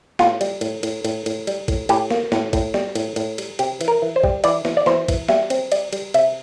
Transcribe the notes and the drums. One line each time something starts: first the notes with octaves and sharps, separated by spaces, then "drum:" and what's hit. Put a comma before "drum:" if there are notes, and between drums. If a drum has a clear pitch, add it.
A2 F4, drum: snare
G3, drum: cymbal
A2, drum: cymbal
A2, drum: cymbal
A2, drum: cymbal
A2, drum: cymbal
G3, drum: cymbal
A2, drum: kick, cymbal
A2 G4, drum: cymbal
A#3, drum: snare
A2, drum: snare
A2, drum: kick, cymbal
G3, drum: snare
A2, drum: cymbal
A2, drum: cymbal
G3, drum: cymbal
C3 G4, drum: cymbal
E3, drum: cymbal
A#4
E3
C5
G3, drum: kick
E3 D5, drum: cymbal
E3, drum: snare
D5
E3 C5, drum: snare
E3, drum: kick, cymbal
G3 E5, drum: snare
C4, drum: cymbal
G3 D5, drum: cymbal
G3, drum: cymbal
C3 E5, drum: cymbal